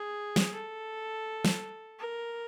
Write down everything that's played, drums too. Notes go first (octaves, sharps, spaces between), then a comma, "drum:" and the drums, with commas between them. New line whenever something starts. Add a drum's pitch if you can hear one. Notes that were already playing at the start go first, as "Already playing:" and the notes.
Already playing: G#4
drum: snare
A4
drum: snare
A#4